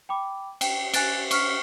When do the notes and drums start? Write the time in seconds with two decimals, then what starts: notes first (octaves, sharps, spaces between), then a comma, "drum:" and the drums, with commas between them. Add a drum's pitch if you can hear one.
0.09 G5 B5 D6
0.61 G5, drum: cymbal
0.94 G#5 F#6 A6 D7, drum: cymbal
1.31 C#6 F6 B6, drum: cymbal